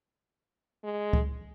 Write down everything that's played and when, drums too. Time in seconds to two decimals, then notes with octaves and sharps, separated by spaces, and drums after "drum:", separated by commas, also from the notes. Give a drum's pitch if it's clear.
0.84 G#3
1.13 drum: kick C#2